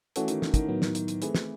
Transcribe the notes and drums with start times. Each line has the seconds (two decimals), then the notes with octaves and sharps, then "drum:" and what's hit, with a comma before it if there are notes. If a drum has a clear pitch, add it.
0.16 E3 A3 C#4 F#4 A4, drum: hi-hat
0.28 D#3, drum: hi-hat
0.42 drum: snare
0.54 D#3, drum: kick, hi-hat
0.69 A2 F#3 B3
0.82 drum: snare
0.95 drum: hi-hat
1.08 drum: hi-hat
1.22 E3 A3 C4 E4 G#4 B4, drum: hi-hat
1.35 drum: snare